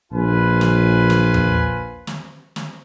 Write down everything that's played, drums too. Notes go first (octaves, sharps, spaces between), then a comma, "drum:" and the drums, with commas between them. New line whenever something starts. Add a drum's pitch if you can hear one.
A#1 F4 B4 G#5
drum: snare
drum: snare
drum: tom E2
drum: snare
drum: snare